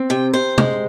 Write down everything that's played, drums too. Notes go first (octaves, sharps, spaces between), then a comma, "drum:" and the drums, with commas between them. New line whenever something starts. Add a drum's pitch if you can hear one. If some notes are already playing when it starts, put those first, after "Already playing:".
Already playing: C4
C3 G5
C3 C5
G#3, drum: tom